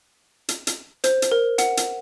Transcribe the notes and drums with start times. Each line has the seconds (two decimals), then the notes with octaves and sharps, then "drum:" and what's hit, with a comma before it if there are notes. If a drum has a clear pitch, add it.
0.49 drum: hi-hat
0.67 drum: hi-hat
1.04 C5, drum: hi-hat
1.22 drum: hi-hat
1.32 A#4
1.58 F#5, drum: hi-hat
1.77 drum: hi-hat